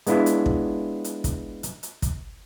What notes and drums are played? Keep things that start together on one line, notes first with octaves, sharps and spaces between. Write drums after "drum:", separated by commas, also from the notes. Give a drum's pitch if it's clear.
G#3 B3 D4 E4 F4, drum: hi-hat
drum: hi-hat
drum: kick
drum: hi-hat
drum: kick, hi-hat
drum: hi-hat
drum: hi-hat
drum: kick, hi-hat